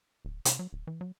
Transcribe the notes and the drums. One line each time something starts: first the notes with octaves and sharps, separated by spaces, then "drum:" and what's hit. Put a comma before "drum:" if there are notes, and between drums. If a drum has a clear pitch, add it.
D1
C3, drum: hi-hat
F#3
D1
E3
F#3